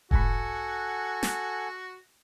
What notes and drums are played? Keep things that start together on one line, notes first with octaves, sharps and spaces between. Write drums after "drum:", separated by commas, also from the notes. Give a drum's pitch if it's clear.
B1 G#2 F#4 A4 F#5 G#5 B5, drum: kick E1
drum: snare